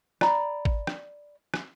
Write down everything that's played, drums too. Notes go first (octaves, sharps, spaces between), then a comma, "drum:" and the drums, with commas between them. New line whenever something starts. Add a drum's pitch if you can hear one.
D5 A#5 B5, drum: rim click
drum: kick
drum: rim click
drum: rim click